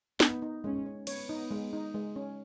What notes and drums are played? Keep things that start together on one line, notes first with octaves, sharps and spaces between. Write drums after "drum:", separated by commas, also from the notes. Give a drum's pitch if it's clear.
B3 D#4, drum: snare
D#4
G#3 C#4
C#5
B3 C#5, drum: cymbal
D#4
G#3
D#4
G#3
C#4